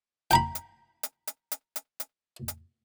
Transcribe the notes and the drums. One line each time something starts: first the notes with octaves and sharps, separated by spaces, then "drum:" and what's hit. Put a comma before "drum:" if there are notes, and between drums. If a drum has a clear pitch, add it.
G5 A#5 B5, drum: hi-hat
drum: hi-hat
drum: hi-hat
drum: hi-hat
drum: hi-hat
drum: hi-hat
drum: hi-hat
drum: hi-hat